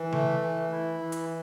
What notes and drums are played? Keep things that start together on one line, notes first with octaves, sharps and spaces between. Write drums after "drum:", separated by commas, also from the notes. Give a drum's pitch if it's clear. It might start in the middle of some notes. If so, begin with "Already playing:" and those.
Already playing: E3
A3, drum: tom C#3
E3
E4
E3
drum: hi-hat